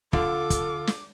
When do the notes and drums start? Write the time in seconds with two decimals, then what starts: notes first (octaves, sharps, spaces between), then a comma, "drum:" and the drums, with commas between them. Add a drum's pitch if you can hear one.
0.13 D3 F4 A4 D6, drum: kick
0.50 drum: kick, hi-hat
0.87 drum: snare